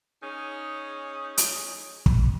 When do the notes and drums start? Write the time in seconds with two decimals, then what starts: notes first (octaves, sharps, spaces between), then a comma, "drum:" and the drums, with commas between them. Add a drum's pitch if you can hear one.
0.22 C#4 D#4 G#4
1.37 drum: hi-hat
2.06 drum: kick